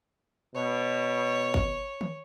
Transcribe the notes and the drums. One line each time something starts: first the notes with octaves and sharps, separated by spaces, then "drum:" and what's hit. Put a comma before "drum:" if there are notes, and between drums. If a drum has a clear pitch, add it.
B2 C#5
drum: kick G#1
drum: tom D#3